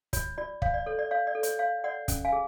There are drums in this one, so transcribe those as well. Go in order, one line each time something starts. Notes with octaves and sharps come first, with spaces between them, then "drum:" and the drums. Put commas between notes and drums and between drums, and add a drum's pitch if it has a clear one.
F4 C#5, drum: kick, hi-hat
F4 D5
C#5 F5, drum: kick
D5
A4 C#5
D5
C#5 F5
D5
A4
C#5, drum: hi-hat
C#5 F5
C#5 D5 F#5
C#4, drum: kick, hi-hat
F5 G#5
G#4